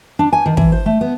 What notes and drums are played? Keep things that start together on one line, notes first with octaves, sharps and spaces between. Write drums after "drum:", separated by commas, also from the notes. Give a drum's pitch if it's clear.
D4
G#5
D#3
E3, drum: kick
C5
A3
B3